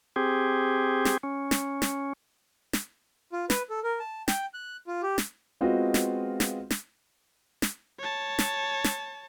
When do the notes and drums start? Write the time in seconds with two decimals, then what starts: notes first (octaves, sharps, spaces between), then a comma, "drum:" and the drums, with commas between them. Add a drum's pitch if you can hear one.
0.16 C4 G4 G#4
1.05 drum: snare
1.23 C#4
1.51 drum: snare
1.82 drum: snare
2.73 drum: snare
3.33 F4
3.50 B4, drum: snare
3.70 A4
3.84 A#4
4.00 A5
4.28 G5, drum: snare
4.54 F#6
4.87 F4
5.03 G4
5.18 drum: snare
5.61 G#3 B3 C4 F4 F#4 D#5
5.94 drum: snare
6.40 drum: snare
6.71 drum: snare
7.62 drum: snare
7.99 C#5 A5
8.39 drum: snare
8.84 drum: snare